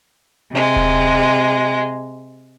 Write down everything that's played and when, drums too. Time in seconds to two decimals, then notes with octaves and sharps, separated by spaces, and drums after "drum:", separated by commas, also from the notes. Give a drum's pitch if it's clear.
0.52 C3 G#3
0.76 drum: kick D#1